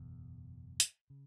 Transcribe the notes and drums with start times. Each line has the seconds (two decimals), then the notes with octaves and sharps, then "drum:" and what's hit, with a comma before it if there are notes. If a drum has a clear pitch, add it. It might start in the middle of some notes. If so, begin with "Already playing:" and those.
Already playing: F#1 E2 B2 B3
0.80 drum: hi-hat
1.10 C#3